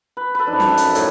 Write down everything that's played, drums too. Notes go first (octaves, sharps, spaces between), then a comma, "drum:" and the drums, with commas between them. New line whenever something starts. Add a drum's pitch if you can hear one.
B4
A4 B4
F#2 F3 D4 D#4
drum: snare
drum: hi-hat
A2, drum: hi-hat